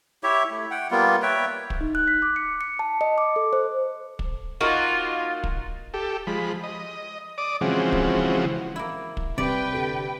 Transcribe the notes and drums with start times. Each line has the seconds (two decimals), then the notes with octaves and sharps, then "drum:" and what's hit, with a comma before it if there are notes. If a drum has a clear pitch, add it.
0.23 E4 G4 C#5 E5
0.51 A3
0.71 F#5 G5
0.91 G3 A#3 B3 F4
1.22 B4 C#5 E5 G5
1.70 drum: kick
1.81 D#4
1.95 F#6
2.07 B6
2.22 D6
2.36 C#7
2.61 C#7
2.79 A5
3.01 D#5
3.18 D6
3.36 A4
3.53 C5
4.19 drum: kick
4.61 A#3 D#4 F4 F#4
5.44 drum: kick
5.94 G4 A4
6.27 F3 G#3 B5
6.63 D#5
7.38 D5 D6 D#6
7.61 C#3 E3 F3 G#3 C4 F#4
7.92 drum: kick
8.76 A#3 E4
9.17 drum: kick
9.38 C3 G3 B4 D5 G5
9.73 D3 G4 A4